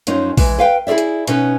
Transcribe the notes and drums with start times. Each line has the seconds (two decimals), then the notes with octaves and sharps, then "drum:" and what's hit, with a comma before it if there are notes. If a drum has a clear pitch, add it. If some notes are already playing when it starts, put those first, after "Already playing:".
0.07 F#2 F3 C#4 D#4, drum: hi-hat
0.37 E3 G#3, drum: kick A#1, open hi-hat
0.59 B4 F5 G5
0.87 E4 G#4 A#4 D5 E5
0.98 drum: hi-hat
1.27 B2 C#4 D#4 B4, drum: hi-hat